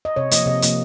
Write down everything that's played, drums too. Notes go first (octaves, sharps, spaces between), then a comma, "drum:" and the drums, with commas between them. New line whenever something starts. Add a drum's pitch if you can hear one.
D#5
C3 C#5
F3 A#3 D#5, drum: hi-hat
C3 D#5
F3 A#3, drum: hi-hat